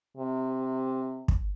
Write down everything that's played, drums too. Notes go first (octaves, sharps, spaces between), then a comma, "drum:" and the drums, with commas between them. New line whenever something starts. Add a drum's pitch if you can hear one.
C3
drum: kick